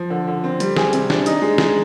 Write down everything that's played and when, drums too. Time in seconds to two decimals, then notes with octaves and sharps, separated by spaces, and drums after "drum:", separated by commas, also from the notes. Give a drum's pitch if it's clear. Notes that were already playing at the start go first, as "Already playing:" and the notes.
Already playing: F3
0.10 D3
0.28 D3
0.44 C4
0.60 G3, drum: hi-hat
0.76 G#4, drum: snare
0.93 C3, drum: hi-hat
1.10 D4, drum: snare
1.26 D#4, drum: hi-hat
1.42 G#3
1.58 G#3, drum: snare